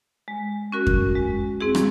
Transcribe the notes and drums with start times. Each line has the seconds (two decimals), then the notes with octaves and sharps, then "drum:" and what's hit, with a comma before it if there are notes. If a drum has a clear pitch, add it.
0.28 G#3
0.72 C#4 F#4 A#4
0.87 drum: kick F2
1.15 G#3
1.61 C4 E4 G#4
1.75 drum: rim click